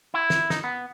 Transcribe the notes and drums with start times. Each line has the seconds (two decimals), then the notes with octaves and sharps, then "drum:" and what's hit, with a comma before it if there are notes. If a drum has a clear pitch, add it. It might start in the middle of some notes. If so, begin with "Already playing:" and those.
0.14 E4
0.30 drum: snare
0.50 D#4, drum: snare
0.64 B3